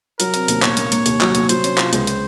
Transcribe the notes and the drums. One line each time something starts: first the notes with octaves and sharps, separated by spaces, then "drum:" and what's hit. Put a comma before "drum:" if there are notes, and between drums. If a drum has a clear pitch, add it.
F#3 A#4, drum: hi-hat
C4, drum: hi-hat
D#2, drum: hi-hat
A#2 C#5, drum: clap
A#3, drum: hi-hat
A#3, drum: hi-hat
D#2, drum: hi-hat
F#3, drum: clap
D#2, drum: hi-hat
F#3 C5, drum: hi-hat
C#4, drum: hi-hat
F4, drum: clap
C#2 C5, drum: hi-hat
drum: hi-hat